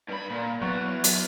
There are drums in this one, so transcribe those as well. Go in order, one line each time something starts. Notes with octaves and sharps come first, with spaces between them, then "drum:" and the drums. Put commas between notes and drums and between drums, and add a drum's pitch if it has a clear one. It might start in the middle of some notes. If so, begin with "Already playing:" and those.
G2 B5
A#2
E2 F#3
drum: hi-hat